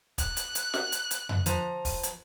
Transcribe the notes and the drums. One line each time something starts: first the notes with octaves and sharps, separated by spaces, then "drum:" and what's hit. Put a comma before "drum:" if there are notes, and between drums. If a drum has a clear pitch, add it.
F#6, drum: kick, hi-hat
drum: hi-hat
drum: hi-hat
drum: snare
drum: hi-hat
drum: hi-hat
drum: tom F2
F3 A#5, drum: hi-hat
drum: kick, open hi-hat
drum: hi-hat